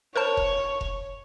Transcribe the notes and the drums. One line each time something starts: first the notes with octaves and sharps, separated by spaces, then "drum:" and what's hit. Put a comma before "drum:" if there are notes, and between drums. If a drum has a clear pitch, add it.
A#4 C5 C#5 A5
drum: kick F1
drum: kick F1